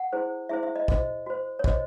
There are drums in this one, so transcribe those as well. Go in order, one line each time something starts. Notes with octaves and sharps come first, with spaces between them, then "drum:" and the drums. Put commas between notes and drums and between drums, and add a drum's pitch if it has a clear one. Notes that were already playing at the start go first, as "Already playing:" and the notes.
Already playing: F#5
E4 G#4 C5
E4 G#4 C5 E5
E5
D#5
F#4 C5 D#5, drum: kick
F#4 C5
C#5
F#4 C5 D#5, drum: kick